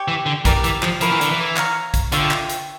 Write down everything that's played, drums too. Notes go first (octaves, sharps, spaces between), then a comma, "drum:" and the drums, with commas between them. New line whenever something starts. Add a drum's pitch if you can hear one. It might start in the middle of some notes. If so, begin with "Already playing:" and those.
Already playing: G4 C#5 G5 D6
E3
D3
E3 G4 A#4 D5, drum: kick A#1, hi-hat
E3, drum: hi-hat
F3, drum: clap
F3 E4 A#4 C#5 F5, drum: hi-hat
E3
D3, drum: hi-hat
E3
C#5 F5 A#5 C#6, drum: clap
drum: kick A#1, hi-hat
D3 F4 C#5 E5 G5, drum: hi-hat
drum: clap
drum: hi-hat